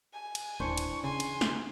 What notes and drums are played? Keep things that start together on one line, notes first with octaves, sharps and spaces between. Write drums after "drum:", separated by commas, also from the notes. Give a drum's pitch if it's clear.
G#5
drum: cymbal
D#1 E3 D4 C5 C#6
drum: cymbal
C#3 G#5 C6
drum: cymbal
drum: snare